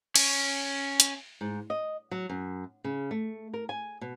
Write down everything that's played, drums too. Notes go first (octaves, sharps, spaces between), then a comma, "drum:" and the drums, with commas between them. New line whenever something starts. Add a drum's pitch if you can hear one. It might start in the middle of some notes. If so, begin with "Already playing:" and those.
C#4, drum: cymbal
drum: hi-hat
G#2
D#5
F#3
F#2
C#3
A3
A#4
G#5
B2